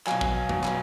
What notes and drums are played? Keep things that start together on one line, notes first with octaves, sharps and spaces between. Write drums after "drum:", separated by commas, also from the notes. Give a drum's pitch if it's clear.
B2 F#3 F5 G#5, drum: clap
drum: kick
B2 F#3, drum: tom E2
drum: clap